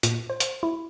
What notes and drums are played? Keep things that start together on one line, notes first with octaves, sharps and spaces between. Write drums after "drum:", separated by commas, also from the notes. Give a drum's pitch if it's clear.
A#2, drum: hi-hat
C5
drum: hi-hat
E4